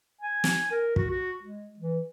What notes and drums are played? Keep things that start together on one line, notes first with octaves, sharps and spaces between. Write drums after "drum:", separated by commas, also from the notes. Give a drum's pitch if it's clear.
G#5
drum: snare
A#4
F#4, drum: kick
F#4
G#3
E3